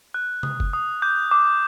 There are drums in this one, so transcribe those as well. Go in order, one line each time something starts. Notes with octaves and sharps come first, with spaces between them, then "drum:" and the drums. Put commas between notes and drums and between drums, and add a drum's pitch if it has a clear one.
F#6
D#6, drum: tom C3
drum: kick F#1
D#6
D6 G6
D6